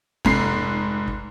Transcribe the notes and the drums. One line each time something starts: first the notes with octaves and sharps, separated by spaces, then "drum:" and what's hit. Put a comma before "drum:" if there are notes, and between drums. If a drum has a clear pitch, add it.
F1 G#2 C7, drum: kick
drum: kick